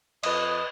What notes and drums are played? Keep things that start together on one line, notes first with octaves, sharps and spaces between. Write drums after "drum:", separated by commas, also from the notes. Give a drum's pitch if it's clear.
F2 B4 D#5, drum: cymbal